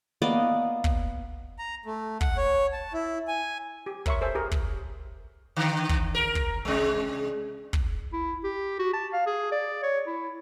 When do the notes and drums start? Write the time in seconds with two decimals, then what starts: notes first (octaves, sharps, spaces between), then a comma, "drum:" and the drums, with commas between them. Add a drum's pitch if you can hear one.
0.22 A#3 B3 D5 D#5
0.84 drum: kick
1.59 A#5
1.86 A3
2.21 F#5, drum: kick
2.37 C#5
2.73 A5
2.93 E4
3.28 G#5
3.86 G4
4.06 A#4 C#5 E5 C6 C#6, drum: kick
4.21 A4 C5 E5 G#5
4.35 G4 G#4 A#4
4.52 drum: kick
5.56 D3
5.89 drum: kick
6.15 A#4
6.35 drum: kick
6.65 C3 G#3
7.73 drum: kick
8.13 E4
8.44 G4
8.79 F#4
8.93 A5
9.13 F5
9.27 G#4
9.52 D5
9.83 C#5
10.07 E4